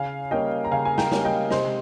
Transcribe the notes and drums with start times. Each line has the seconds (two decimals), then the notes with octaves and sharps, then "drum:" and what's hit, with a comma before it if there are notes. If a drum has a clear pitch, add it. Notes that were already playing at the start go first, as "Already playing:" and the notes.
Already playing: C#3 F5 G#5
0.31 G3 A#3 C#4 D#5 G5
0.65 A#5
0.71 C#3 F5 G#5
0.85 G#5
0.98 G5 A#5, drum: snare
1.12 G3 A#3 C#4, drum: snare
1.25 D#5 G5
1.50 C3 C5 D#5, drum: snare